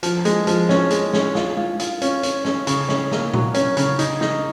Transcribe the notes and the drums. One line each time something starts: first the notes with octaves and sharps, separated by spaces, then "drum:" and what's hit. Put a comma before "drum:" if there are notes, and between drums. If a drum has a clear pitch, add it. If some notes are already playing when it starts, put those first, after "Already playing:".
F3, drum: hi-hat
G#3, drum: hi-hat
F3, drum: hi-hat
C#4, drum: snare
G#3, drum: hi-hat
C#4, drum: snare
F4, drum: snare
F4, drum: tom
F4, drum: hi-hat
C#4, drum: hi-hat
C#4, drum: hi-hat
C#4, drum: snare
C#3, drum: hi-hat
C#4, drum: snare
A#3, drum: snare
F#3, drum: tom
C#4, drum: hi-hat
C#3, drum: hi-hat
D#4, drum: hi-hat
D#4, drum: snare